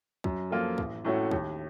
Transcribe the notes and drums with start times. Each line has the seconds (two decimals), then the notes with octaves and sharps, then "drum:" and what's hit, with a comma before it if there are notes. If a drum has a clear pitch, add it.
0.24 F#2, drum: kick
0.51 F3 A#3 F4 A4
0.78 A1, drum: kick
1.05 A2 A3 C#4 F#4
1.31 D#2, drum: kick